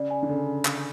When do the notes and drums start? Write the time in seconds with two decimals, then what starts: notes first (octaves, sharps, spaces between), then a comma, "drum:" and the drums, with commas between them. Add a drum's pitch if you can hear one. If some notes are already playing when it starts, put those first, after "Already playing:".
Already playing: C#3 D5
0.11 G#5
0.23 D3
0.29 C#3 A4
0.65 drum: clap